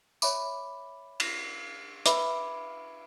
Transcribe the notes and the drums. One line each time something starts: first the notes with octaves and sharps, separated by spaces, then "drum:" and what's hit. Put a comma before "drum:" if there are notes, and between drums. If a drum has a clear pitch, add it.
C#5 E5 B5 D6, drum: tambourine
drum: cymbal
B4 E5 B5 D6, drum: hi-hat